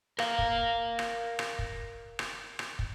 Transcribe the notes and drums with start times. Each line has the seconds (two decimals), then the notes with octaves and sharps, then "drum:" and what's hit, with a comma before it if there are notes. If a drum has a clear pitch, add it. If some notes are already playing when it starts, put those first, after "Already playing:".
0.19 A#4 F5, drum: rim click
0.39 drum: kick
0.99 drum: rim click
1.39 drum: rim click
1.59 drum: kick
2.19 drum: rim click
2.59 drum: rim click
2.79 drum: kick